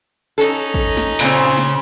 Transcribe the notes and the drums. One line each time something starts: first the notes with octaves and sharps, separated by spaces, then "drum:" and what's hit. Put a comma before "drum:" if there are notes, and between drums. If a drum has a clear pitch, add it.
C#4 D#4 A4
drum: kick
drum: snare
A#2 C#3 C4
drum: snare